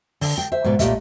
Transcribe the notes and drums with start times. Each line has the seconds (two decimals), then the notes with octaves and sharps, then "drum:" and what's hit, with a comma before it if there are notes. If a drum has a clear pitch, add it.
0.21 D3, drum: open hi-hat
0.38 G5
0.52 C5 E5
0.64 G#2 B2 B3 D5
0.79 A#2 A3 G4 D#5 E5, drum: kick, hi-hat